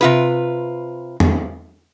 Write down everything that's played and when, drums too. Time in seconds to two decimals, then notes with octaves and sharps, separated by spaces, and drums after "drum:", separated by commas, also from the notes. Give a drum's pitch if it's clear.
0.01 C3 F4 B4
1.20 drum: tom